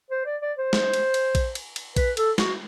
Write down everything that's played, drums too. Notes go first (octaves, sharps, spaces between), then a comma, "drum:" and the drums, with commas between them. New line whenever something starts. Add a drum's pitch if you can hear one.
C5
D5
D5
C5
drum: snare
drum: cymbal
drum: cymbal
drum: kick A#1, cymbal
drum: cymbal
drum: cymbal
B4, drum: kick A#1, cymbal
A4, drum: cymbal
F#4, drum: snare